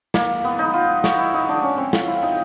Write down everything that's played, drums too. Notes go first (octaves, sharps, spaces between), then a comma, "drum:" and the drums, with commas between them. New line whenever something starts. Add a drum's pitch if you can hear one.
A#3, drum: snare
B3
D#4
F4
F#4, drum: snare
E4
D#4
D4
C#4
C4
F4, drum: snare
E4
D#4